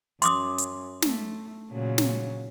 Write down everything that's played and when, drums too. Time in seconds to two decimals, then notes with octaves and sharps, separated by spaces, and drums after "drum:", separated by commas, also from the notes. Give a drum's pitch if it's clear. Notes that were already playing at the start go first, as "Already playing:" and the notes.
0.22 F#2 C6 D6 D#6, drum: hi-hat
0.58 drum: hi-hat
1.02 A3, drum: snare
1.71 A#2 C#3 F#3
1.98 drum: snare